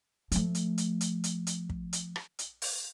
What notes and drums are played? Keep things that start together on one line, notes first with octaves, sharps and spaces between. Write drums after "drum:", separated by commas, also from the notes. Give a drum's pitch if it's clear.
F3 A3, drum: hi-hat
drum: hi-hat
drum: hi-hat
drum: hi-hat
drum: hi-hat
drum: hi-hat
drum: kick
drum: hi-hat
drum: rim click
drum: hi-hat
drum: open hi-hat